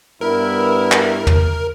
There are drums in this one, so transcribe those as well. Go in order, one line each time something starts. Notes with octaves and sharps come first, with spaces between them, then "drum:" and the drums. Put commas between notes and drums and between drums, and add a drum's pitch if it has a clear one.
G2 B3 E4 A#4
drum: clap
drum: tom